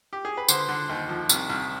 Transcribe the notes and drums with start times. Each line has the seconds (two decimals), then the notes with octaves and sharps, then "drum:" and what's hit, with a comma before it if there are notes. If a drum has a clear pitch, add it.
0.13 G4
0.25 G#4
0.37 B4
0.48 D3 C5, drum: tambourine
0.69 D3
0.89 D#2
1.09 F3
1.29 C2, drum: tambourine
1.49 C2